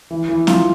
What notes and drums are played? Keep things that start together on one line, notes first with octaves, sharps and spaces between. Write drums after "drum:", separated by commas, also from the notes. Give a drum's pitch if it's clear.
E3
E3
F4, drum: snare